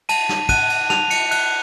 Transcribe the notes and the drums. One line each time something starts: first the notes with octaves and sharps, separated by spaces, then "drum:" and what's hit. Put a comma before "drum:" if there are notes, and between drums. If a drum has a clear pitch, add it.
A5 D#7, drum: cymbal
drum: snare
F#6 D#7, drum: kick, cymbal
drum: cymbal
A5 F7, drum: snare
C#7, drum: cymbal
F#6, drum: cymbal